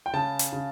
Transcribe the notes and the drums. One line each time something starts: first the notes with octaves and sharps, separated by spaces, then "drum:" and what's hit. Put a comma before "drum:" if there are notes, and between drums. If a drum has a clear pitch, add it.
G5
C#3 A5
drum: hi-hat
C#3